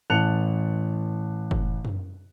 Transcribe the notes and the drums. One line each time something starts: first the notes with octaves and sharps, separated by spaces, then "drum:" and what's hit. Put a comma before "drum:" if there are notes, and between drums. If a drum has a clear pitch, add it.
A1 E3 A5 F#6 C#7 F7
drum: kick
drum: tom F#2